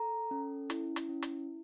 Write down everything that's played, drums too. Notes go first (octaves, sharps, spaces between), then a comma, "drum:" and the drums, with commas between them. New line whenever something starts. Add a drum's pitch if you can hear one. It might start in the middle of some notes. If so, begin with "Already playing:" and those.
Already playing: A4 A#5
C#4
E4, drum: hi-hat
drum: hi-hat
C#4
drum: hi-hat